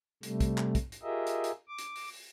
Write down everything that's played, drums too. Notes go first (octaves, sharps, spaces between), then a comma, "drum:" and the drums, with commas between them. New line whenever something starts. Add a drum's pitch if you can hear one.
C3 G3 A3, drum: hi-hat
drum: kick, hi-hat
drum: clap
drum: kick, hi-hat
drum: hi-hat
F4 G4 G#4 A#4 D#5 E5
drum: hi-hat
drum: hi-hat
D6
drum: hi-hat
drum: open hi-hat
drum: open hi-hat